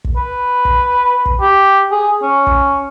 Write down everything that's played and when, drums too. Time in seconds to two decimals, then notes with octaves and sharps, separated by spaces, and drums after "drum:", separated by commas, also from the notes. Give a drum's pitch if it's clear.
0.05 drum: kick
0.17 B4
0.65 drum: kick
1.26 drum: kick
1.41 G4
1.91 G#4
2.22 C#4
2.47 drum: kick